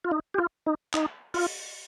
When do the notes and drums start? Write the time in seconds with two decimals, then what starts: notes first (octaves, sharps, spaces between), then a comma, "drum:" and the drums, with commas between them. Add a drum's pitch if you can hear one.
0.04 F4
0.11 D#4
0.34 G4
0.38 F4
0.66 D#4
0.94 D#4, drum: clap
1.34 F4, drum: open hi-hat